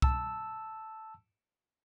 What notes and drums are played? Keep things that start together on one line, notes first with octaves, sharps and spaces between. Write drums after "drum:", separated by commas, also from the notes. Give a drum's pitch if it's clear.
A5 E6, drum: kick C2